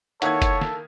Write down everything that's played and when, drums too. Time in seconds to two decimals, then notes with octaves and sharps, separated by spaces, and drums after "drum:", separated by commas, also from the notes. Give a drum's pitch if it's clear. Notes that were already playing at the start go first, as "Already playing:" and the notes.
0.22 D#3 A#3 E4 A4 C#5 F#5 G#6, drum: hi-hat
0.42 drum: kick F#1, hi-hat
0.61 drum: snare